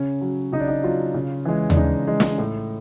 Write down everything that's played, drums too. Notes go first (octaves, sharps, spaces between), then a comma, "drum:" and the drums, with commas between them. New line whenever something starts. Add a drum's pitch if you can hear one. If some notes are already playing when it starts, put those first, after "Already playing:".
Already playing: C#3 C#4
F#3
C#3 D#4
D4
D#4
F#3 F4
C#3
E3 G#3
D4, drum: tom D#2
C#3 D#4
E3 G#3
drum: snare
A2